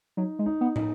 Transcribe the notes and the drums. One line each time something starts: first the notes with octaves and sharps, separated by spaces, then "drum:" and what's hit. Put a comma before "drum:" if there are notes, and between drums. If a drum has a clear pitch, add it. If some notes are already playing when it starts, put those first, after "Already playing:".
F#3 D#4
G#3
D#4
B3
D#4, drum: tom